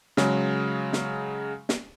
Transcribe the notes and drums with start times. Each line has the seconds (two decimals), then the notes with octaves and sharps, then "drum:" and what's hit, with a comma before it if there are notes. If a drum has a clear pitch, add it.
0.17 C#3 F#3 G#3, drum: snare
0.93 drum: snare
1.69 drum: snare